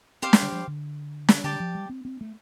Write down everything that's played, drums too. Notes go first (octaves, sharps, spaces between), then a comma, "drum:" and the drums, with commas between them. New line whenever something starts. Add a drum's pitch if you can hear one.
C4 G4 C5 F5 D6
G3, drum: snare
D3
F3
D3
drum: snare
D3 G4 D5 A5
F3
G3
C4
C4
A3